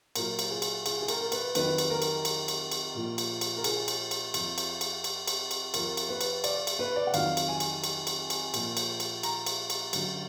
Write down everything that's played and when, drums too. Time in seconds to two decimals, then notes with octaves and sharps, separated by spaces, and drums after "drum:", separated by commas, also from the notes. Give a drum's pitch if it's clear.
0.16 A#2 F#3 A#4, drum: cymbal
0.39 drum: cymbal
0.50 G#4
0.62 drum: cymbal
0.86 G#4, drum: cymbal
1.01 G#4
1.08 A#4, drum: cymbal
1.20 A#4
1.32 B4, drum: cymbal
1.55 F2 D#3 F#3 B4, drum: cymbal
1.78 drum: cymbal
1.90 A#4
2.02 drum: cymbal
2.25 drum: cymbal
2.48 drum: cymbal
2.72 drum: cymbal
2.95 A#2 F3
3.18 drum: cymbal
3.41 drum: cymbal
3.57 A#4
3.64 G#4, drum: cymbal
3.88 drum: cymbal
4.11 drum: cymbal
4.34 F2 F3, drum: cymbal
4.58 drum: cymbal
4.81 drum: cymbal
5.04 drum: cymbal
5.28 drum: cymbal
5.51 drum: cymbal
5.74 F2 F3 A#4, drum: cymbal
5.97 drum: cymbal
6.09 B4
6.21 drum: cymbal
6.44 D5, drum: cymbal
6.67 drum: cymbal
6.79 B4
6.96 D5
7.07 F#5
7.14 F2 D#3 F#3 F5, drum: cymbal
7.37 drum: cymbal
7.48 G#5
7.60 drum: cymbal
7.84 drum: cymbal
8.07 drum: cymbal
8.30 drum: cymbal
8.54 A#2 F3, drum: cymbal
8.77 drum: cymbal
9.00 drum: cymbal
9.23 A#5, drum: cymbal
9.46 drum: cymbal
9.70 drum: cymbal
9.93 F#2 D3 F#3, drum: cymbal